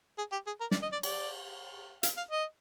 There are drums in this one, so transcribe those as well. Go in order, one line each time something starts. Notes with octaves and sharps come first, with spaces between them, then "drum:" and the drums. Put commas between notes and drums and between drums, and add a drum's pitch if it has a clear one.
G#4
G4
G#4
A#4
D5, drum: snare
D#5
D5
D5, drum: cymbal
F5, drum: hi-hat
F5
D#5